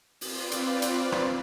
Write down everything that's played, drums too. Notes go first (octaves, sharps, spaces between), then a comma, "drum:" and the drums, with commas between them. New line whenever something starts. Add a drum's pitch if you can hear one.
C4 F4 B4 D5, drum: open hi-hat
drum: hi-hat
drum: hi-hat
drum: rim click